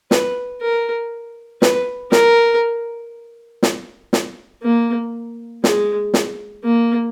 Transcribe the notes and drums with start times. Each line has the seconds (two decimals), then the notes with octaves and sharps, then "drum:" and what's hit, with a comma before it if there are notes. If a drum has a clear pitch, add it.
0.11 B4, drum: snare
0.61 A#4
1.62 B4, drum: snare
2.12 A#4, drum: snare
3.63 drum: snare
4.13 drum: snare
4.63 A#3
5.64 G#3, drum: snare
6.14 drum: snare
6.64 A#3